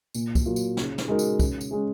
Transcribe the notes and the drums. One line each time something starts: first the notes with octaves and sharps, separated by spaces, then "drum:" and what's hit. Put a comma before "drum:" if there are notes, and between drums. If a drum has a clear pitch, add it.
A#2, drum: tambourine
drum: kick, tambourine
F#3 A#3 F4
drum: tambourine
C#3, drum: snare
drum: snare
G#3 D#4 F#4 A#4
drum: tambourine
C#3, drum: kick, tambourine
drum: tambourine
G#3 C#4 G#4